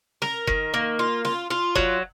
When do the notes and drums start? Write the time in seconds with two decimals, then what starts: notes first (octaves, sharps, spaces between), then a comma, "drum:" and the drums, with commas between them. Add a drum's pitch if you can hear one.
0.22 A#4, drum: snare
0.47 D#3, drum: kick F#1
0.74 A#3
0.99 F4
1.25 F4, drum: snare
1.50 F4
1.76 F#3, drum: kick F#1